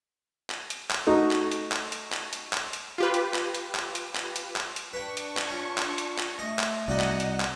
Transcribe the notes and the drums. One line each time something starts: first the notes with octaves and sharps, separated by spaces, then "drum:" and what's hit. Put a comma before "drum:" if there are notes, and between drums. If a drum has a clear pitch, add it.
drum: clap
drum: hi-hat
drum: clap
A3 D#4 F#4
drum: clap
drum: hi-hat
drum: clap
drum: hi-hat
drum: clap
drum: hi-hat
drum: clap
drum: hi-hat
F4 G4 B4
drum: hi-hat
drum: clap
drum: hi-hat
drum: clap
drum: hi-hat
drum: clap
drum: hi-hat
drum: clap
drum: hi-hat
D4 B4 G5 C#6
drum: hi-hat
drum: clap
C#4 F4
drum: clap
drum: hi-hat
drum: clap
A3 D#5
drum: clap
C2 D#4 F#4 D5 D#5 F#5
drum: clap
drum: hi-hat
drum: clap